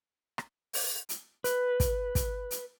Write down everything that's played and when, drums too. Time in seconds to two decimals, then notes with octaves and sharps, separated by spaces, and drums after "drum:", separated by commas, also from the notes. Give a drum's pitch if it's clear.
0.38 drum: rim click
0.73 drum: open hi-hat
1.09 drum: hi-hat
1.44 B4, drum: hi-hat
1.80 drum: kick, hi-hat
2.15 drum: kick, hi-hat
2.51 drum: hi-hat